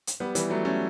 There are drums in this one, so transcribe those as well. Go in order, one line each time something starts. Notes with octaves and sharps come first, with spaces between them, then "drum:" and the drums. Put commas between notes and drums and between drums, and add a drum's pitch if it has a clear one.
drum: hi-hat
G3 B3
E3 G3, drum: hi-hat
F#3 A3
A3 C#4